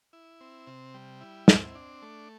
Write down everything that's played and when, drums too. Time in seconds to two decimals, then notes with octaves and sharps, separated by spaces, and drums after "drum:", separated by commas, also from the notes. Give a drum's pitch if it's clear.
0.13 E4
0.40 C4
0.67 C3
0.94 G3
1.21 E4
1.48 C4, drum: snare
1.75 D4
2.02 A3